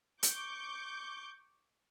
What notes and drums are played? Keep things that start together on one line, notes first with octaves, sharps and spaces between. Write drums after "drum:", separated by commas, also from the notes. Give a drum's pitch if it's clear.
C#6 D6 G6, drum: hi-hat